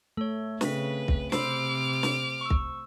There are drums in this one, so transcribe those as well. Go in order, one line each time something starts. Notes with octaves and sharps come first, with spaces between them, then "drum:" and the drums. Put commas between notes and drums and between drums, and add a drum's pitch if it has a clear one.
A3 A4 C#5
C#3 C4 B4 B6, drum: snare
drum: kick
C3 C5 B5 D6 E6 F6 C7, drum: snare
drum: snare
C#6 E6
drum: kick